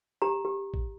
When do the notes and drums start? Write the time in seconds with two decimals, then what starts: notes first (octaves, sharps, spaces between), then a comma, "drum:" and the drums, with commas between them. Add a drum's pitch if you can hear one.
0.22 G4 A#5
0.45 G4
0.74 drum: kick